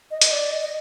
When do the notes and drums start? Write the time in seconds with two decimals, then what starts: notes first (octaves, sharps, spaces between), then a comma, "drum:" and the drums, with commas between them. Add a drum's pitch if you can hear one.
0.11 D#5
0.22 D#5, drum: hi-hat
0.31 D5
0.51 D#5
0.61 D#5